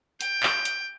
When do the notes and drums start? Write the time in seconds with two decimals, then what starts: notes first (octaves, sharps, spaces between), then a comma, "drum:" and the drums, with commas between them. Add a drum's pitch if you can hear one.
0.21 G5, drum: hi-hat
0.43 drum: clap
0.65 drum: hi-hat